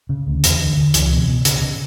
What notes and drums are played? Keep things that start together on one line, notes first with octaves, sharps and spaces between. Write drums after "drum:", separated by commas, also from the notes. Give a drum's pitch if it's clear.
C#3
D2
E2, drum: hi-hat
D3
D3
C#2 E3, drum: hi-hat
B2
B2
C#3, drum: hi-hat
C#3